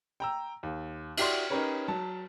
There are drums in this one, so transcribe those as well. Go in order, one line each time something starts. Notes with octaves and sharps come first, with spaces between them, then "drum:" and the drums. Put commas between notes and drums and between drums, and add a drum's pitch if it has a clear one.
G5 A#5 E6
D#2
E4 F#4 G4 D5 C6, drum: cymbal
C#4 D#4 G4 A#4 B4 C#5
F#3 A5